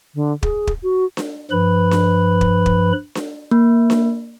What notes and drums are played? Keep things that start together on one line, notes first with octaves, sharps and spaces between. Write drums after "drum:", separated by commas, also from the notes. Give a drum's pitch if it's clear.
D3
G#4, drum: kick
drum: kick
F#4
drum: snare D4
G2 F3 B4 B5
drum: snare D4
drum: kick
drum: kick
drum: snare D4
A#3
drum: snare D4